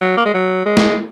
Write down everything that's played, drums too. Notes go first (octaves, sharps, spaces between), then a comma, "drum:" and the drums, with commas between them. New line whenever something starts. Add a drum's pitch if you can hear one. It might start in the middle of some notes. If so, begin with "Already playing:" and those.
F#3
A#3
G#3
F#3
G#3
drum: snare